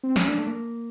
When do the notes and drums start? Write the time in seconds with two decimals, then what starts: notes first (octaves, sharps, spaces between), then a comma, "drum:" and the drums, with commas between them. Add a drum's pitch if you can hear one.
0.04 C4
0.16 C#4, drum: snare
0.28 A#3 D4
0.38 A3
0.47 A#3